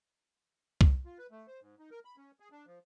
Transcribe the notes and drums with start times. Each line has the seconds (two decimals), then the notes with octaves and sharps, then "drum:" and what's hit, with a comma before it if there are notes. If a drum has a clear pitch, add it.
0.81 drum: kick C2
1.05 F4
1.18 B4
1.31 A3
1.48 C5
1.61 G#2
1.79 D#4
1.91 A#4
2.05 B5
2.17 C#4
2.40 G#4
2.52 D4
2.67 F3